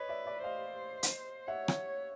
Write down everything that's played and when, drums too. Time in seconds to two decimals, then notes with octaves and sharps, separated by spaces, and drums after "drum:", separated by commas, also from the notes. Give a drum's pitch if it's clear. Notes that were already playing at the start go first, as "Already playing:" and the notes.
Already playing: B4 C#5 D#5
0.09 D5 E5
0.26 D5 E5
0.44 C5 D#5 F5
1.03 drum: hi-hat
1.47 C#5 E5 F#5
1.68 drum: rim click